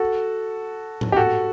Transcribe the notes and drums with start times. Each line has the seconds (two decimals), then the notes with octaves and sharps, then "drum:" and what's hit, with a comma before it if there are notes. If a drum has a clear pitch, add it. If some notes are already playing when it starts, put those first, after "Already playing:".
Already playing: F#4 A4
1.01 drum: tom G#2
1.12 G4
1.16 F#4 A4